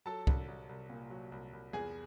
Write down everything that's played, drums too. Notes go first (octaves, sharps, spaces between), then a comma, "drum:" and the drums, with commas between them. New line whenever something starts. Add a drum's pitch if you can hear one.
F#3 A4 A5
C2, drum: kick
C2
C2
A#2
F#3
C2
C2
E2 G#4 G#5